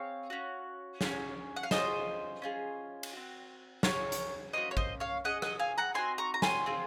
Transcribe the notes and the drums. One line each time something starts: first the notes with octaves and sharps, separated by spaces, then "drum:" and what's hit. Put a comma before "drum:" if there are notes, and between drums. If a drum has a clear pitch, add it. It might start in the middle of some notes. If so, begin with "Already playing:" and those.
Already playing: C4 G#4 C#5 F5
C#4 F#4
C#4 F4 G#4, drum: snare
F#5
F5
C#4 F4 G#4 C5 D#5, drum: snare
C#4 F4 G#4
drum: cymbal
C4 F#4
C#4 G#4 A#4 C#5, drum: snare
drum: hi-hat
A#3 C#4 F#4 C5 D#5
C#5
C5 D#5, drum: kick
C#5 F5
C#4 G#4 D#5 F#5
D#5 F#5, drum: rim click
F5 G#5
F#5 A#5
C4 D#4 F#4 G#5 C6
A#5 C#6
A#5
G#5 C6, drum: snare
C4 F4 G#4